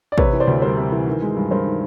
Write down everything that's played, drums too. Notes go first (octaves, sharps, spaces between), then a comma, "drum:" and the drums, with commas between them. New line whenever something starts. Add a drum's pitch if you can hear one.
D5
C3 B4 C#5, drum: kick
E3
C5 D5
D2
G3 A#4 C5
C3
E3
D#3
G#3
G2
G2 A#4 C5
D#3